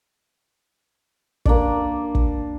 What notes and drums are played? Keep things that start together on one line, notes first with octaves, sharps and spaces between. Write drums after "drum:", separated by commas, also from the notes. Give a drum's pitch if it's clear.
A#3 D4 D5, drum: kick
drum: kick